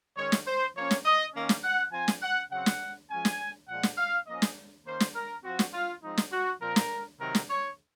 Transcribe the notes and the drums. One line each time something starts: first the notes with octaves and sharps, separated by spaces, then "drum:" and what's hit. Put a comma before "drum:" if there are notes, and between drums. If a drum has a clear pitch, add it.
D#3 G#3 C#4 C#5
drum: snare
C5
F3 A#3 C#4 C#5
drum: snare
D#5
D#3 A#3 C#4
drum: snare
F#5
F3 C4 G#5
drum: snare
F#5
C#3 F#3 C4 F#5
drum: snare
F3 G#3 C#4 G#5
drum: snare
A#2 F3 G#3 F#5
drum: snare
F5
F3 A#3 C#4 D#5
drum: snare
D#3 A#3 C#4 C5
drum: snare
A#4
F3 C4 F#4
drum: snare
F4
F3 G#3 C4 D#4
drum: snare
F#4
A#2 F3 C4 A#4
drum: snare
C3 D#3 F#3 C4 A#4
drum: snare
C#5